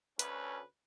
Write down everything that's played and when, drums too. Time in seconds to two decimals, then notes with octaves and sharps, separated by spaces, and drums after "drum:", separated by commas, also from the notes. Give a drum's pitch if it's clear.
0.19 D2 C#4 B4, drum: hi-hat